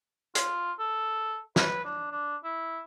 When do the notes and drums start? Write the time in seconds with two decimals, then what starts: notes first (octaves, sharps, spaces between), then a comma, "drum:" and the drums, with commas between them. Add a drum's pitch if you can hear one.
0.35 F4, drum: hi-hat
0.79 A4
1.56 B4, drum: snare
1.85 D4
2.11 D4
2.44 E4